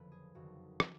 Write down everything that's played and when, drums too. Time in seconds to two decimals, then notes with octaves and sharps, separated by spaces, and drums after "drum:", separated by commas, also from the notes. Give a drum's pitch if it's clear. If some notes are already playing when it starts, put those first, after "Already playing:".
Already playing: F#1 F2 D3 F3 B4
0.12 G#4
0.35 F#1 F2 D#3 F#4
0.80 F3, drum: rim click